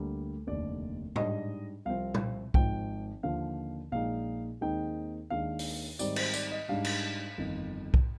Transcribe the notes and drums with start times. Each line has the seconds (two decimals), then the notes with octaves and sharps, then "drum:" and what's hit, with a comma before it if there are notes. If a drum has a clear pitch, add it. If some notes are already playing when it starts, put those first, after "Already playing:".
Already playing: D2 D3 G3 A#3
0.47 F1 D#2 D3 D5
1.16 G#2 G3 D4 D#5, drum: tom A2
1.85 C2 C3 F3 C4 F5
2.14 drum: tom A#2
2.54 G#1 G#2 F3 G5, drum: kick B1
3.23 D#2 D3 F3 F5
3.92 A#1 A#2 G#3 D#4 F5
4.61 D#2 D#3 G#3 C4 D#4 G5
5.30 D#2 D#3 G#3 D4 F5
5.59 drum: open hi-hat
5.99 G#2 D#3 G3 C4 D#4 D5, drum: tambourine
6.16 C5, drum: cymbal
6.33 D5, drum: tambourine
6.51 D#5
6.68 G#2 G3 D4 F5
6.84 drum: cymbal
7.38 G1 F2 D#3
7.94 drum: kick B1